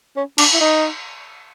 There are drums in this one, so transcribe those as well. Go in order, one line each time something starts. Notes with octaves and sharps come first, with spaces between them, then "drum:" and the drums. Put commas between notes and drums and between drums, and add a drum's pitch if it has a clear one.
C#4
D4, drum: cymbal
E4
D#4